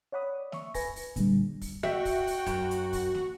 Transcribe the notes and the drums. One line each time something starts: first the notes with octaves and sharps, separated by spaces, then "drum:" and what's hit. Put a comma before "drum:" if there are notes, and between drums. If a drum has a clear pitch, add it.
C#5 D5 F#5 B5 D#6
E5 C#6, drum: snare
B4 G#5 A#6, drum: kick, open hi-hat
drum: open hi-hat
A#2 D3 G3, drum: kick, hi-hat
drum: kick, open hi-hat
F#4 E5 G5, drum: snare
drum: kick, open hi-hat
drum: open hi-hat
F#2, drum: kick, hi-hat
drum: hi-hat
drum: kick, open hi-hat
drum: snare